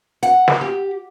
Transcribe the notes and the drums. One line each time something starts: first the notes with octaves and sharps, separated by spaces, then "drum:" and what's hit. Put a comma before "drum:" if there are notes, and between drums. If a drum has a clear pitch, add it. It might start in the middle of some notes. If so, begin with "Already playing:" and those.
F#5, drum: hi-hat
drum: snare
G4